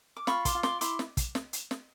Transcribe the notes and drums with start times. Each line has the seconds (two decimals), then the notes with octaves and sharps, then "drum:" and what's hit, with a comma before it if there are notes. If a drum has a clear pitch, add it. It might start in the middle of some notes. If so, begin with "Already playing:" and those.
0.17 D6
0.27 F4 B5 C#6, drum: snare
0.45 C6 D6, drum: kick, hi-hat
0.55 F4
0.63 C6 D6, drum: snare
0.81 E4 C6 D6, drum: hi-hat
0.99 drum: snare
1.17 drum: kick, hi-hat
1.35 drum: snare
1.53 drum: hi-hat
1.71 drum: snare